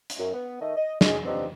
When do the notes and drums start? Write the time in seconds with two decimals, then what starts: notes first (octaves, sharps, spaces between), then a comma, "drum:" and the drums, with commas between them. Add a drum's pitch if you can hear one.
0.10 drum: hi-hat
0.19 F#2
0.34 B3
0.61 D#3 A3 D#5
0.77 D#5
1.01 G#3, drum: snare
1.25 F3 B3 C4 D4 D#4 G4